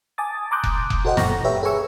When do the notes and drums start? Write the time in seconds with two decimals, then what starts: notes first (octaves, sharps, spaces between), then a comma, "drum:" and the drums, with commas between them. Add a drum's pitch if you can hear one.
0.18 G#5 A5 D6 D#6 A6
0.51 A#5 C6 D6 D#6 F#6 G6
0.64 drum: kick F1
0.90 drum: kick F1
1.05 F#4 A4 C5 D#5 F#5 G5
1.17 F#2 A#2 A#5 C#6 A#6, drum: snare
1.44 G4 B4 C#5 E5 G5
1.63 G#4 A4 B4 G#5 C#6 E6